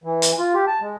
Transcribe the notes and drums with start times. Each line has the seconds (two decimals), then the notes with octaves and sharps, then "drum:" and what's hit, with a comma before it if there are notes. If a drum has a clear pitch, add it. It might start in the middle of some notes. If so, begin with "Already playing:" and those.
0.04 E3
0.22 drum: hi-hat
0.39 F4
0.55 G4
0.67 A5
0.81 G#3